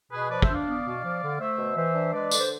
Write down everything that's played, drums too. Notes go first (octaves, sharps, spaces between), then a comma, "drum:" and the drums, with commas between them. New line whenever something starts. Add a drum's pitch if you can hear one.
B2 G#4 B4
F3 B4 D5
C5 E5, drum: kick
D4
D5 F5
B3
B2
F3
D3
A3 C5 E5
B2
E3 C5 E5
D4
G#3 B4 D5
D3, drum: tambourine
C5